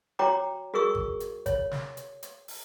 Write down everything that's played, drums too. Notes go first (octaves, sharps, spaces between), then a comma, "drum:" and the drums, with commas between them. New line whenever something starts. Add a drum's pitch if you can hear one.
F#4 C#5 G5 A#5 D6
F#4 G#4 A#4 C#6 D#6
drum: kick G#1
drum: hi-hat
C#5, drum: kick G#1, hi-hat
drum: snare
drum: hi-hat
drum: hi-hat
drum: open hi-hat